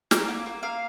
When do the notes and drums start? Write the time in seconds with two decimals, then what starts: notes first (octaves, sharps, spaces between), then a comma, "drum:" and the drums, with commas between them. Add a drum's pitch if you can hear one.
0.11 A#3, drum: snare
0.28 A#3
0.46 A#3
0.63 A#3 F5